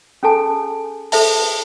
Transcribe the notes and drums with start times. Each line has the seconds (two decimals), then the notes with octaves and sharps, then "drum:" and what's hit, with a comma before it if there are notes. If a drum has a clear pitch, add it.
0.23 C#4 G#4 A4 G#5 A5
1.12 G#4 A4 C5 E5 A5, drum: open hi-hat